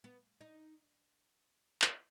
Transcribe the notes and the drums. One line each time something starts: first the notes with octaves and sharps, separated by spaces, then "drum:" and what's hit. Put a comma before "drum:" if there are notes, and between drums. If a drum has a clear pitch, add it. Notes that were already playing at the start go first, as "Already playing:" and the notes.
B3
D#4
drum: clap